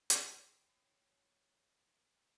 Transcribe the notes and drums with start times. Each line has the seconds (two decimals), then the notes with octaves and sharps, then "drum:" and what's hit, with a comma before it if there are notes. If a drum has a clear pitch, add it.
0.10 C#5 G5, drum: hi-hat